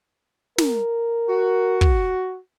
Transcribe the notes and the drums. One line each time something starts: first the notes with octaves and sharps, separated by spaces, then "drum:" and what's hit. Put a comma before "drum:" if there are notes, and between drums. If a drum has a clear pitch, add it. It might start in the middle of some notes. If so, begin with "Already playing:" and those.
A#4, drum: snare
F#4
drum: kick